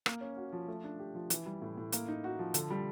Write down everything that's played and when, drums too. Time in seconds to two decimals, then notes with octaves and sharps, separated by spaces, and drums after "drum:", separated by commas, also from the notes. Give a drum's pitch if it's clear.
0.06 A#3, drum: rim click
0.21 C#4
0.37 F#4
0.52 F3
0.68 A3
0.84 D4
0.99 G4
1.15 F3
1.30 E3, drum: hi-hat
1.46 G3
1.62 A2
1.77 A2
1.92 A#3, drum: hi-hat
2.08 D#4
2.24 F#4
2.39 F3
2.54 D3, drum: hi-hat
2.70 G3